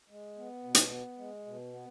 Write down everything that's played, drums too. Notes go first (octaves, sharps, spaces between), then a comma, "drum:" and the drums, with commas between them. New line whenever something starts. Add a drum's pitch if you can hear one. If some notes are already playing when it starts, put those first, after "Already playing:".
G#3
B3
B2
drum: hi-hat
B3
G#3
B2
B3